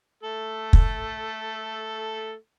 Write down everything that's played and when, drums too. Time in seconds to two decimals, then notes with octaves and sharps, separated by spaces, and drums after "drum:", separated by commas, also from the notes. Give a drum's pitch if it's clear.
0.23 A3 A4
0.73 drum: kick